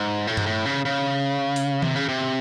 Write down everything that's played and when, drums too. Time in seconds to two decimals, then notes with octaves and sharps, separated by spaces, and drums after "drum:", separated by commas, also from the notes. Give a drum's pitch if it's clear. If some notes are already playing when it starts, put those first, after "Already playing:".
Already playing: G#2
0.27 A2
0.37 G#2, drum: tom G2
0.46 A2
0.65 C#3
0.85 C#3
1.56 drum: open hi-hat
1.82 C3, drum: tom D#3
1.96 C#3
2.09 C3